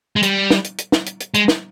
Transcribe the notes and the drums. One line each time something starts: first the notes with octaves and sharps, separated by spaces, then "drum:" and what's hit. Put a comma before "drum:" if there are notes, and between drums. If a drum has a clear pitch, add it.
G#3
G3, drum: hi-hat
drum: snare
drum: hi-hat
drum: hi-hat
drum: snare
drum: hi-hat
drum: hi-hat
G#3, drum: hi-hat
drum: snare